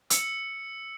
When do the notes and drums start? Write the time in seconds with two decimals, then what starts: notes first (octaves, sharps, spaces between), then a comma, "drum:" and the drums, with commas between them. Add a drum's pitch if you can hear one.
0.10 E6 C#7, drum: hi-hat